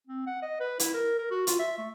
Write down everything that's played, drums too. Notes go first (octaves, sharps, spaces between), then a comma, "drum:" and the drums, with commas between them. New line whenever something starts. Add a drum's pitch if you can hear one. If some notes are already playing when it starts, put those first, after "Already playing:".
C4
F#5
D#5
B4
E4, drum: hi-hat
A#4
A#4
F#4
F4, drum: hi-hat
E5
A3